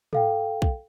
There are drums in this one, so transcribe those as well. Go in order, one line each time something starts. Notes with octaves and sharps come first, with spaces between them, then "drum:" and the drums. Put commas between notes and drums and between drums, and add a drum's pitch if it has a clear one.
A4 F5 G5, drum: tom
drum: kick